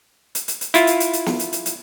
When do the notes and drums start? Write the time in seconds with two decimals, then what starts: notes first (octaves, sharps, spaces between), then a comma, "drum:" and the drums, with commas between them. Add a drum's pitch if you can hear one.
0.35 drum: hi-hat
0.48 drum: hi-hat
0.61 drum: hi-hat
0.74 E4 F4, drum: hi-hat
0.87 drum: hi-hat
1.00 drum: hi-hat
1.13 drum: hi-hat
1.26 drum: snare
1.39 drum: hi-hat
1.53 drum: hi-hat
1.66 drum: hi-hat